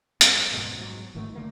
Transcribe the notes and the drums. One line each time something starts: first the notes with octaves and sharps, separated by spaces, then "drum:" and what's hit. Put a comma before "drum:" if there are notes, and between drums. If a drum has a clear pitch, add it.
G#1 G#3 B3 C#4, drum: hi-hat
F#2
D#1 G#2 B2
G#2 F#3
F#1 G#2 D#3 A3
E1 D3 A3 A#3